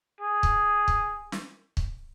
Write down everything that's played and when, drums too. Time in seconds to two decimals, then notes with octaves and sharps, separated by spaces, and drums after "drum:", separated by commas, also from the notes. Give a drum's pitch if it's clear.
0.21 G#4
0.43 drum: kick
0.88 drum: kick
1.32 drum: snare
1.77 drum: kick